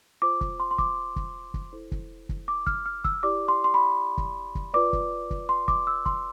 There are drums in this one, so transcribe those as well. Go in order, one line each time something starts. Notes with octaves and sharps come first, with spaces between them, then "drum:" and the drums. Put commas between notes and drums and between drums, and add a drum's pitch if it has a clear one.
F4 C5 D6
D6, drum: kick
C6
C6
D6, drum: kick
drum: kick
drum: kick
E4 A4 C5
drum: kick
drum: kick
D6
F6, drum: kick
F6
E6, drum: kick
E4 G4 D5 D6
C6
C6
B5
drum: kick
drum: kick
F4 B4 D5 D6
drum: kick
drum: kick
C6
D6, drum: kick
E6
C6, drum: kick